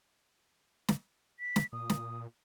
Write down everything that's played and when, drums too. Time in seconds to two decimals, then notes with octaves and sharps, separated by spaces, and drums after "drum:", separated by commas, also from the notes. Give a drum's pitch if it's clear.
0.88 drum: snare
1.40 B6
1.56 drum: snare
1.73 A#2 D#6
1.90 drum: snare